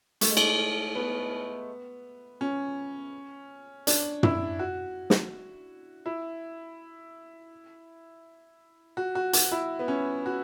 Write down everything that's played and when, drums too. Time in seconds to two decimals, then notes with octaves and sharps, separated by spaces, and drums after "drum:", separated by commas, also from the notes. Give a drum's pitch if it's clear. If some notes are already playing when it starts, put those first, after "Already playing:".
0.21 A3, drum: hi-hat
0.30 G#3
0.37 A3, drum: cymbal
0.95 B3
2.41 C#4
3.87 D4, drum: hi-hat
4.23 E4, drum: tom
4.59 F#4
5.10 drum: snare
6.06 E4
8.97 F#4
9.15 F#4
9.33 F#4, drum: hi-hat
9.52 E4
9.79 B3
9.88 C#4
10.26 F#4